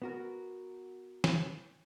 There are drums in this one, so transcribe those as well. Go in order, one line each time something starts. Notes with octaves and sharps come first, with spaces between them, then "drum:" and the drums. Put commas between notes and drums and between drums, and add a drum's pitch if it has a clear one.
B3 F#4 A#4
drum: snare